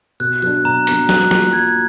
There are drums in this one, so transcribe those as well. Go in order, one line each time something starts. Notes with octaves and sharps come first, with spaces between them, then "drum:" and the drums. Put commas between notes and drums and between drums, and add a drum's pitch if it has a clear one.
B2 F#6
F#3 B3 D4 F#6
B2 A#5
F#3 B3 D4, drum: hi-hat
F#3 F#6, drum: snare
A#3 F4, drum: snare
F#3 G#6